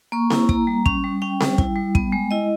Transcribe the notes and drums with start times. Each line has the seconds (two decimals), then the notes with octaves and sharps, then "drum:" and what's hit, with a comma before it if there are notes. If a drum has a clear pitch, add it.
0.12 A#3 C#6
0.30 E4, drum: snare C4
0.49 A#3 A#5, drum: kick
0.67 G3
0.86 C#4, drum: kick
1.04 G3
1.22 C#4 G5
1.40 G3, drum: snare C4
1.58 E4, drum: kick
1.76 G3
1.95 B3, drum: kick
2.12 G#3
2.31 E4 D#5